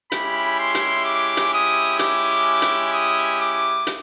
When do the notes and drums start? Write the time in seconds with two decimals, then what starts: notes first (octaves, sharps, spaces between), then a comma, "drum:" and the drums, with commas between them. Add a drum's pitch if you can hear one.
0.12 G#3 C#4 E4 G4 B5, drum: hi-hat
0.59 C6
0.75 drum: hi-hat
1.05 D6
1.37 drum: hi-hat
1.52 D#6
1.99 D6, drum: hi-hat
2.62 drum: hi-hat
2.93 D#6
3.39 D6
3.87 drum: hi-hat